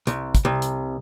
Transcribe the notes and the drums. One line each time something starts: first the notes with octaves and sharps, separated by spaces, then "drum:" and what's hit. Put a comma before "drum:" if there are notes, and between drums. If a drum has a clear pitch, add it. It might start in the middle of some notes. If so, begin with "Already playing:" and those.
C2, drum: hi-hat
drum: kick, hi-hat
C2
drum: hi-hat